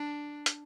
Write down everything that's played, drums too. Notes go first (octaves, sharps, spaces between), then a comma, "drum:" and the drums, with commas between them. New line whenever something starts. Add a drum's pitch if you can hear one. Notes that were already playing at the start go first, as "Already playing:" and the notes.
Already playing: D4
drum: hi-hat